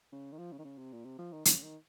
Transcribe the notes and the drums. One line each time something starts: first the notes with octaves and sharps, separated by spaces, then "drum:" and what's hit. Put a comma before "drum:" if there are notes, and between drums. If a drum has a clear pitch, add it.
C#3
D#3
F3
C#3
D#3
C#3
C3
A#2
C3
F3
D#3
C#3, drum: hi-hat
D#3